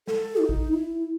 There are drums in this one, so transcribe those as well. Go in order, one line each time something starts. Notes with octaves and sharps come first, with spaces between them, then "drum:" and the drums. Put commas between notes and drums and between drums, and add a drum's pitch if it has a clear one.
A4, drum: snare
D#4
drum: kick G#1
E4